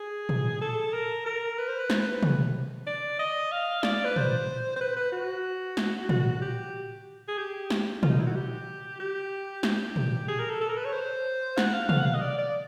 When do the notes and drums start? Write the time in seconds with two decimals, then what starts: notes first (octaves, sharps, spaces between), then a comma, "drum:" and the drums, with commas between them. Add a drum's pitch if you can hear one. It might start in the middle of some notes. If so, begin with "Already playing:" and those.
Already playing: G#4
0.29 drum: tom
0.61 A4
0.93 A#4
1.26 A#4
1.58 B4
1.68 C5
1.79 B4
1.90 C5, drum: snare
2.01 B4
2.23 drum: tom
2.87 D5
3.19 D#5
3.52 F5
3.83 D5, drum: snare
4.05 B4
4.16 C5, drum: tom
4.76 C5
4.81 B4
4.97 B4
5.12 F#4
5.77 drum: snare
6.09 F#4, drum: tom
6.41 G4
7.28 G#4
7.38 G4
7.70 drum: snare
8.03 F4, drum: tom
8.10 D#4
8.19 E4
8.26 F#4
8.35 G4
9.00 G4
9.63 G4, drum: snare
9.96 drum: tom
10.28 G#4
10.40 A#4
10.50 A4
10.61 A4
10.69 A#4
10.76 B4
10.85 C#5
10.93 C5
11.58 F#5, drum: snare
11.73 F5
11.89 F5, drum: tom
11.97 F#5
12.06 F5
12.14 D#5
12.22 D5
12.38 D5